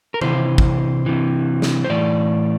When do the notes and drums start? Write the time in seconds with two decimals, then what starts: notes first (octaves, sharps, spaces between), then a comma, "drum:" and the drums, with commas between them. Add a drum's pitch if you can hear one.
0.14 A#4
0.21 C3 E3 C5, drum: tom D#3
0.58 drum: kick
1.06 C3 E3
1.62 drum: snare
1.84 C5
1.89 A2 E3 D5